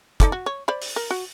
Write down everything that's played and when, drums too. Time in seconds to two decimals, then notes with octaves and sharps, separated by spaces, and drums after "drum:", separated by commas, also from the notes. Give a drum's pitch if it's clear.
0.20 D#4 A4 D5, drum: kick, hi-hat
0.32 F#4
0.46 C#5
0.68 C5 D5 B5
0.82 drum: open hi-hat
0.96 A#4
1.11 F#4